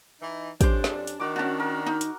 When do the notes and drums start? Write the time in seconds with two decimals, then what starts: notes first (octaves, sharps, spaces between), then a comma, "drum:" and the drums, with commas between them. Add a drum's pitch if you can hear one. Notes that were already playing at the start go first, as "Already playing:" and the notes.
0.21 E3 D#4
0.61 F2 C#4 D4 G4 C5, drum: kick, hi-hat
0.84 drum: snare
1.07 drum: hi-hat
1.20 D#3 D4 F#4 D6
1.36 C#4 F#4 F#5 A5
1.60 A#4
1.86 D#4
2.01 drum: hi-hat